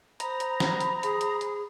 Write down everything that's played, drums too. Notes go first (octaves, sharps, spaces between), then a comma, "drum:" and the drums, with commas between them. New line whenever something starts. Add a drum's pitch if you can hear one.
C5 A#5 B5 D#6, drum: hi-hat
drum: hi-hat
drum: snare
drum: hi-hat
G#4, drum: hi-hat
drum: hi-hat
drum: hi-hat